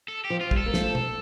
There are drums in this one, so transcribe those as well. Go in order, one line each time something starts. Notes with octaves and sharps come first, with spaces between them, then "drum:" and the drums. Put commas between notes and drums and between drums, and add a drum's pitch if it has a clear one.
A4
G4
F3
F4
G3, drum: kick
A4
A#3
F3 A3, drum: snare
drum: tom